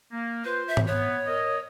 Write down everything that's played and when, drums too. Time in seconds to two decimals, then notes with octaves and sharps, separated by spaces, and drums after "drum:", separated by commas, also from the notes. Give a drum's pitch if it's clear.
0.12 A#3
0.44 F4 B4 C5
0.68 E5
0.77 drum: tom G#2
0.87 B3 C#5
1.27 A#4 D#5